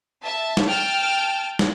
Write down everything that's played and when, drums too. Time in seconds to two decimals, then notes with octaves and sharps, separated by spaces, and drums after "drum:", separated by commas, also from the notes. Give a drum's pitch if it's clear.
0.23 E5 A5
0.57 drum: snare
0.66 G5 A5 F6
1.59 drum: snare